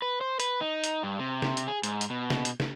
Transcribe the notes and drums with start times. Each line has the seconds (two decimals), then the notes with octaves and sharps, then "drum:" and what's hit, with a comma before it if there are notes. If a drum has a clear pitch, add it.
0.02 B4
0.21 C5
0.40 B4, drum: hi-hat
0.61 D#4
0.84 drum: hi-hat
1.03 G2
1.19 C3
1.42 drum: snare
1.57 drum: hi-hat
1.68 G#4
1.83 G#2, drum: hi-hat
2.01 drum: hi-hat
2.10 B2
2.30 drum: snare
2.45 drum: hi-hat
2.60 drum: snare